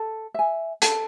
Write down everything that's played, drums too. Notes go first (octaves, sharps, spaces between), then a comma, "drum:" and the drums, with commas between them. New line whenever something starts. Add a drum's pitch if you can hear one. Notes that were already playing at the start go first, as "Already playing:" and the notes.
Already playing: A4
E5 G#5
A4, drum: hi-hat